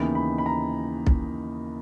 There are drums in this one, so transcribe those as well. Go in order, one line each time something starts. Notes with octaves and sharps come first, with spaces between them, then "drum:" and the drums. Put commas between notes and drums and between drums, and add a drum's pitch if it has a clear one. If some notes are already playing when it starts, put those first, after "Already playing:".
Already playing: D#2 C#3 E3 B3 D#4 B5
B5
B5
A#5
drum: kick B1